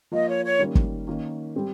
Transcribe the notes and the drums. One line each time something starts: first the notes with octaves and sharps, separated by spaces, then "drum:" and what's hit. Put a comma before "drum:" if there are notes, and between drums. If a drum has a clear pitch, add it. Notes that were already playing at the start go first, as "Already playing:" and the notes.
F3 A#3 F4 D#5
C#5
C#5
D#3 G3 A#3 C#4
drum: kick
D#3 A#3 C#4
G3 C4 G4